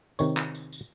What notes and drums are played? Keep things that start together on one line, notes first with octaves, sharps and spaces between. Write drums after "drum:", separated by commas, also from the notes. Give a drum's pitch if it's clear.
C3 D#3 C#5, drum: tambourine
drum: clap
drum: tambourine
drum: tambourine